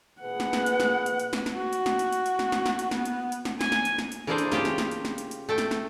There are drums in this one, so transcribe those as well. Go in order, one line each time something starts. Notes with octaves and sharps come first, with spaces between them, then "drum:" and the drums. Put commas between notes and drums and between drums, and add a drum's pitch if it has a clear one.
A#2 G#4 B4 F#5
drum: snare
drum: snare
drum: hi-hat
drum: snare
drum: hi-hat
drum: hi-hat
drum: snare
drum: snare
F#4
drum: hi-hat
drum: snare
drum: hi-hat
drum: hi-hat
drum: hi-hat
drum: snare
drum: snare
drum: snare
drum: hi-hat
B3, drum: snare
drum: hi-hat
drum: hi-hat
drum: snare
G#5, drum: snare
drum: snare
drum: hi-hat
drum: snare
drum: hi-hat
E3 A#3 D4 G#4 A4 C5
drum: hi-hat
C#3 F4 G4, drum: snare
drum: snare
drum: snare
drum: hi-hat
drum: snare
drum: hi-hat
drum: hi-hat
A3 A4 G5
drum: snare
drum: snare